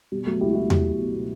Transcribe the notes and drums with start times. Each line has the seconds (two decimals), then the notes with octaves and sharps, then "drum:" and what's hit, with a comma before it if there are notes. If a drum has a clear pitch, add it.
0.12 B2 G3
0.26 B2 F#3 A3
0.41 C#2 E4 G4
0.51 F#4
0.55 B2 E4 G4
0.70 B2 E4 G4, drum: tom E2
0.85 B2
0.99 B2
1.14 B2